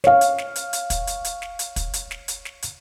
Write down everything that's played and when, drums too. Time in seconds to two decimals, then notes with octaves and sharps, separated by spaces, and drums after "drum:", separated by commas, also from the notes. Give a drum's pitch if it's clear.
0.04 C#5 F5, drum: snare
0.21 drum: hi-hat
0.38 drum: snare
0.56 drum: hi-hat
0.73 drum: hi-hat
0.90 drum: kick, hi-hat
1.07 drum: hi-hat
1.25 drum: hi-hat
1.42 drum: snare
1.59 drum: hi-hat
1.76 drum: kick, hi-hat
1.93 drum: hi-hat
2.11 drum: snare
2.28 drum: hi-hat
2.45 drum: snare
2.62 drum: hi-hat